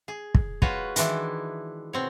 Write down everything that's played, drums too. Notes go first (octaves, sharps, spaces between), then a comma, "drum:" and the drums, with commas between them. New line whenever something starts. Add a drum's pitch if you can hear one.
G#4
drum: kick
G#3 F4 F#4 B4 C#5, drum: kick
D#3 E3 G#3 D4 E4, drum: hi-hat
B2 C4 C#5